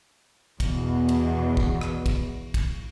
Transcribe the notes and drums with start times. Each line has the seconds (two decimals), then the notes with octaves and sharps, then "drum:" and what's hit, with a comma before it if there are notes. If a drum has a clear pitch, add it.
0.60 E2 B2, drum: kick, cymbal
1.09 drum: cymbal
1.57 drum: kick
1.81 drum: rim click
2.06 drum: kick, cymbal
2.54 drum: kick, cymbal